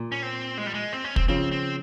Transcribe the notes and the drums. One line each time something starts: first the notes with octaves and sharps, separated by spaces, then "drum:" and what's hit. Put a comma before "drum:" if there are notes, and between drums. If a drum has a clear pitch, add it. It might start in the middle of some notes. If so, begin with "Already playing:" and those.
Already playing: A#2
C#4
C4
G#3
G3
G#3
C4
C#4
C4, drum: kick
C#3 F3 C4
C4